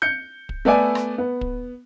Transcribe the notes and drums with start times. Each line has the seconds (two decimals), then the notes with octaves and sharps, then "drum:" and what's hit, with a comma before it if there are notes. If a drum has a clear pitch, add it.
0.02 G6 C#7
0.49 drum: kick
0.65 A3 B3 A4 D5 G#5
0.95 drum: rim click
1.18 B3
1.41 drum: kick